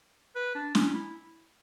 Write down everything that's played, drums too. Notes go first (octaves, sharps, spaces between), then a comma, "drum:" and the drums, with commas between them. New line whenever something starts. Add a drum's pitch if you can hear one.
B4
D4
C#4, drum: snare
E4